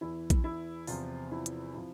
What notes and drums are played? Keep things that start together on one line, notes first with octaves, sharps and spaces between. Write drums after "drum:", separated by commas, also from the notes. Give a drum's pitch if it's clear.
E2 E3 E4
drum: kick A#1, hi-hat
E4
E2 C3 F3 F4, drum: open hi-hat
E4
drum: hi-hat
C3 F3 E4